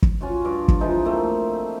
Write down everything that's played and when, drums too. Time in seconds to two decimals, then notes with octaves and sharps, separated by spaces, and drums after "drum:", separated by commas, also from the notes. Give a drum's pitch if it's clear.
0.02 drum: kick
0.21 C#4 F4 F#4
0.45 G2 F5 D6
0.68 drum: kick
0.81 E3 F3 G#3 D#4
1.05 A3 A#3 C4